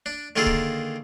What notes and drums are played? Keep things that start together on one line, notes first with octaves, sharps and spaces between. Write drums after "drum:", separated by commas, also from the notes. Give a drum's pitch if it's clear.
D4
D3 D#3 A#3 F4 G#4 A4
drum: kick